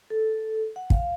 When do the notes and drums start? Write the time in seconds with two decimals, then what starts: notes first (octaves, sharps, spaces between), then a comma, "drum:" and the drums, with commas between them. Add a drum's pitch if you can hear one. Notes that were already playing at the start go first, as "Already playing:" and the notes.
0.10 A4
0.76 F#5
0.90 F5, drum: kick